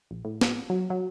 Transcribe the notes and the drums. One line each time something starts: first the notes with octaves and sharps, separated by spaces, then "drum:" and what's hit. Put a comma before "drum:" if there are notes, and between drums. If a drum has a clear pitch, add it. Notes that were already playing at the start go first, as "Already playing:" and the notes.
A#1
A2
drum: snare
F#3
F#3